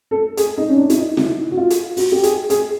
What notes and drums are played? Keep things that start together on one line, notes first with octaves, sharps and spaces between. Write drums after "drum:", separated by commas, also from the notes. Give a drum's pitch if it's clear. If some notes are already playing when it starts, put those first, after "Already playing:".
A4
G#4, drum: hi-hat
D#4
C#4
D4
E4, drum: hi-hat
D#4
E4, drum: snare
F#4
F4
drum: hi-hat
F#4, drum: open hi-hat
G4
G#4, drum: hi-hat
G#4, drum: hi-hat